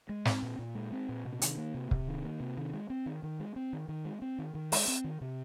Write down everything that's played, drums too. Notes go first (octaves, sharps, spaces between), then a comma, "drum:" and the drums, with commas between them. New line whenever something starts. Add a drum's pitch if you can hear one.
G#3
C4, drum: snare
A#2
A#2
G#3
C4
A#2
C3
D#3, drum: hi-hat
A#3
C3
C3, drum: kick
D#3
A#3
C3
D#3
G#3
C4
D#3
D#3
G#3
C4
D#3
D#3
G#3
C4
D#3
D#3
G#3, drum: open hi-hat
C4
D#3
C3